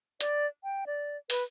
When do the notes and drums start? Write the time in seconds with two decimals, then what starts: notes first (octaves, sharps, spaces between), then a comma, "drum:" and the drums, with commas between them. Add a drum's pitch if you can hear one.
0.21 D5, drum: hi-hat
0.64 G5
0.87 D5
1.30 B4, drum: open hi-hat